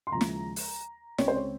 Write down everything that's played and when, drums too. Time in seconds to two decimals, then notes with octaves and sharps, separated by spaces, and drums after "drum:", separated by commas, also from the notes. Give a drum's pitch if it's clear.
0.07 C6
0.12 D#2 C#3 F3 G#3 A#5
0.21 drum: snare
0.56 drum: open hi-hat
1.18 C#2 C#3 G#3 C4 C#5, drum: snare
1.28 C5
1.36 C#5